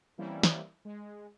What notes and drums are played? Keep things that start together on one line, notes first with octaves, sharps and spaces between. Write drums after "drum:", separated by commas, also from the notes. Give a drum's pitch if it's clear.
E3 G3 A#3 C4 C#4 E4
drum: snare
G#3